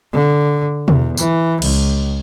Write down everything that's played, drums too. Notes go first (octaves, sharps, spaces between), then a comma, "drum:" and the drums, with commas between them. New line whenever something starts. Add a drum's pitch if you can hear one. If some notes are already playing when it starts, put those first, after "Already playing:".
D3
E2, drum: tom
E3, drum: tambourine
C#2, drum: cymbal